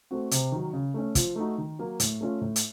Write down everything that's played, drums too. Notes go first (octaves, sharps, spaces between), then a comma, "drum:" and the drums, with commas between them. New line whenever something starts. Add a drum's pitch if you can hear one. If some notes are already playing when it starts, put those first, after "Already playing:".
A3 C4 F#4
C3, drum: hi-hat
D#3 F#3
C#3
A3 C#4
F3, drum: kick, hi-hat
A3 D#4 F#4
D#3
F#3 A#3
A2, drum: hi-hat
A3 C#4 F4
A2
drum: hi-hat